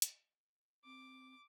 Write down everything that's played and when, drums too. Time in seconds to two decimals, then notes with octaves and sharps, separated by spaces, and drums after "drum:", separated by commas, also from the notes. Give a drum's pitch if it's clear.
0.02 drum: hi-hat
0.85 C4 D6